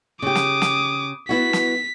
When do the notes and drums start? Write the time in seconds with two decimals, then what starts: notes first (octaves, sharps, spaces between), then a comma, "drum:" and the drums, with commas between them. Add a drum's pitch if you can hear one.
0.22 C#3 G4 D6 D#6
0.35 drum: snare
0.62 drum: snare
1.29 B3 E4 F#4 B6
1.53 drum: snare